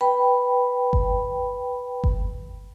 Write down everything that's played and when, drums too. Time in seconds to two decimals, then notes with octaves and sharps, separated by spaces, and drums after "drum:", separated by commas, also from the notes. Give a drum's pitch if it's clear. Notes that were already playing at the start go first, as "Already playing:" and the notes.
0.01 B4 G5 B5
0.93 drum: kick G1
2.04 drum: kick G1